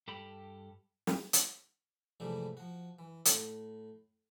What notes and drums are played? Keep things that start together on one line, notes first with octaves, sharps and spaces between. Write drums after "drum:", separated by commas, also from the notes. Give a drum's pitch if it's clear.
G2 G4 A4 G5 B5
drum: snare
drum: hi-hat
G#2 C3 E3 F3 G3 A3
F3 F#4
E3
A2, drum: hi-hat